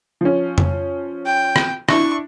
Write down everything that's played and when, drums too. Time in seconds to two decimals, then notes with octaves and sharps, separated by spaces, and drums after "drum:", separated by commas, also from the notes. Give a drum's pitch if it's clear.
0.21 F3 C#4
0.58 drum: tom F2
1.26 G5
1.56 drum: rim click
1.89 D4 E4 C#6, drum: rim click